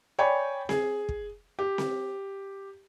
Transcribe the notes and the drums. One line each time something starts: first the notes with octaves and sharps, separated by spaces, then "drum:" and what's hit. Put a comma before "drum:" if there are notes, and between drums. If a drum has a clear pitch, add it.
C#5 D5 G5 G#5 B5
G#4, drum: snare C4
drum: kick
G4
drum: snare C4